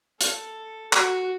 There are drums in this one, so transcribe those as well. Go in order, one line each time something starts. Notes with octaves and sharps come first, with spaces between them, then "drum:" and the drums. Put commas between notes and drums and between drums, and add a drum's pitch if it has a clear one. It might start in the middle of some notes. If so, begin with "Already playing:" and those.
A4, drum: hi-hat
F#4, drum: clap